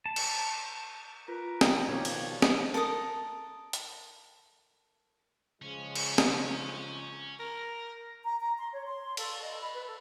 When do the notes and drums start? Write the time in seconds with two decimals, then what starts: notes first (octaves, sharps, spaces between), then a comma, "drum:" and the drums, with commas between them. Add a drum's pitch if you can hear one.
0.06 A5
0.16 drum: cymbal
1.28 F4 A#4 B4
1.61 G5, drum: snare
1.89 B2 D#3 F3 G4 C#5
2.05 drum: cymbal
2.42 drum: snare
2.74 A4 A#4 A5 D#6
3.73 drum: hi-hat
5.62 C#3 F3 G#3 C#4
5.95 drum: cymbal
6.18 drum: snare
7.39 A#4
8.23 A#5
8.39 A#5
8.57 C6
8.73 C#5
8.86 C6
9.17 A4, drum: cymbal
9.41 D#5
9.60 B5
9.73 B4
9.86 A4